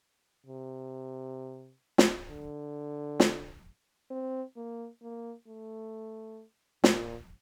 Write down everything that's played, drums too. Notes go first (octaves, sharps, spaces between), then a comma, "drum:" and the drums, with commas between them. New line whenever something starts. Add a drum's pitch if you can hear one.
C3
drum: snare
D3
drum: snare
C4
A#3
A#3
A3
A#2, drum: snare